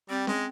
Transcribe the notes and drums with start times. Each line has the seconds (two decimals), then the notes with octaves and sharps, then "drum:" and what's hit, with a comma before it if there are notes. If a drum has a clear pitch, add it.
0.09 G3 C4
0.27 G#3, drum: snare C#4